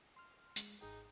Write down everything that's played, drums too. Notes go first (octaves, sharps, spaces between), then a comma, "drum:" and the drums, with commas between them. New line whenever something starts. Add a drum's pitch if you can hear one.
C6 F6
G#3, drum: hi-hat
G#1 D#4 G#4 G5